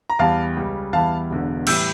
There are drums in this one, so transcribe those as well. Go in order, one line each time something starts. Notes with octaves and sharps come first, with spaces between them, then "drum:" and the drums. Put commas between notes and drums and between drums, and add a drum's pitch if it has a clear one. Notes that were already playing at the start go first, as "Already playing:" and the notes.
A#5
E2 E3 G3 F5 A5
C#2 C#3 G3
E2 E3 G3 F5 A5
E1 E2 D3
A2 E3 G3 E6 G6, drum: cymbal